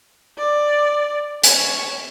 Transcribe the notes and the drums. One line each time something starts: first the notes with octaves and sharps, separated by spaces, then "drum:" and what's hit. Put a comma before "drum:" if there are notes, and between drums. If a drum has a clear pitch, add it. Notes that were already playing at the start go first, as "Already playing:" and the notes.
D5
C#5, drum: hi-hat